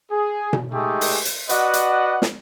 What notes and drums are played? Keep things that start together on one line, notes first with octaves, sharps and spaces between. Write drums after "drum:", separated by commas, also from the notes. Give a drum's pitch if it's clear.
G#4
drum: tom B2
G#3 A3 D#4 G4 G#4
drum: open hi-hat
drum: hi-hat
F#4 B4 D5 D#5 F#5, drum: hi-hat
drum: hi-hat
drum: snare